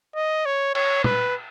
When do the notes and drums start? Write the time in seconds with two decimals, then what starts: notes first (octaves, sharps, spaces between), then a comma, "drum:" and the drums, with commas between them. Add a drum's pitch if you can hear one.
0.16 D#5
0.46 C#5
0.75 C#5, drum: cymbal
1.04 B4, drum: tom